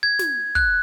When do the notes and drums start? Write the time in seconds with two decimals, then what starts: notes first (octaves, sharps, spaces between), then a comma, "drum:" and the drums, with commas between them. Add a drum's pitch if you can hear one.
0.03 G#6
0.19 drum: snare
0.55 F#6, drum: kick